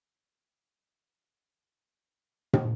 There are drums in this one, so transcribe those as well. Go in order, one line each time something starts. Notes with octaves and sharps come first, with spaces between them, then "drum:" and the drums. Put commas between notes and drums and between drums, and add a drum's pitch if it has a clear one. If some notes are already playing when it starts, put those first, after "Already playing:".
D#2 C3 G#3
drum: tom